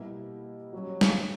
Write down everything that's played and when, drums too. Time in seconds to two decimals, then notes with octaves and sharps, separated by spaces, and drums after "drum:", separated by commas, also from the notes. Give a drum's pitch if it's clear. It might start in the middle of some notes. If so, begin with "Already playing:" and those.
Already playing: B2 G3 A#3 E4 G4
0.73 F#3 G3 C#4 F#4
1.01 drum: snare